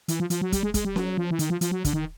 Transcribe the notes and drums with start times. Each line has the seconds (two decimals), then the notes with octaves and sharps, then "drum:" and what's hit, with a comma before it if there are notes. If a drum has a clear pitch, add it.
0.08 E3, drum: hi-hat
0.20 F3
0.30 F3, drum: hi-hat
0.41 F#3
0.52 G3, drum: kick, hi-hat
0.63 G#3
0.74 G#3, drum: kick, hi-hat
0.85 G3
0.96 F#3, drum: snare C#4
1.17 F3
1.31 E3
1.39 D#3, drum: hi-hat
1.50 F3
1.61 F3, drum: hi-hat
1.71 F#3
1.85 D3, drum: kick, hi-hat
1.93 D#3